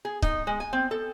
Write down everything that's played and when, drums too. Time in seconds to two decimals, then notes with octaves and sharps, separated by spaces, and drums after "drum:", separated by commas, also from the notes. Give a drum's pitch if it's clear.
0.05 G#4
0.22 D#4, drum: kick
0.47 G#3
0.60 G#5
0.73 C4
0.91 A4